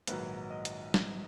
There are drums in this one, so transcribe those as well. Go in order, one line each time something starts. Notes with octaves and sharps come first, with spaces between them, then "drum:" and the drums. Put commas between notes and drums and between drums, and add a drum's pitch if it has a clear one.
A#1 G#2 D#3 F#3 B4, drum: hi-hat
D#5
drum: hi-hat
drum: snare